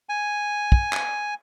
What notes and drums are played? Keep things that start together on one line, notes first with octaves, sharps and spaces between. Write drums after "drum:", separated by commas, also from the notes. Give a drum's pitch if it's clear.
G#5
drum: kick
drum: clap